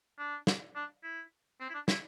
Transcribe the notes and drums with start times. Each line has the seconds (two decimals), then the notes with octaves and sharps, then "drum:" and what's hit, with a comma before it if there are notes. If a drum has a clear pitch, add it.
0.18 D4
0.47 drum: snare
0.76 D4
1.03 E4
1.60 C4
1.69 E4
1.74 D4
1.88 E4, drum: snare